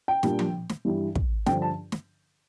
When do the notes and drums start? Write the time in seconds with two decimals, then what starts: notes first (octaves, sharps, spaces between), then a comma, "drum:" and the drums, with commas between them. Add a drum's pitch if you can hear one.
0.08 G5
0.23 A#2 G3 D4, drum: snare
0.39 drum: tom F3
0.69 drum: snare
0.85 G2 E3 G3
1.15 drum: kick
1.46 G2 D3 F3 G5, drum: snare
1.62 A5
1.92 drum: snare